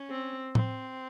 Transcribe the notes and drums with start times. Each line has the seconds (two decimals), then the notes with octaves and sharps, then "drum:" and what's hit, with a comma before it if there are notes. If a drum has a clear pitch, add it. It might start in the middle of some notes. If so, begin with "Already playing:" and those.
Already playing: C#4
0.10 C4
0.55 C4, drum: tom A2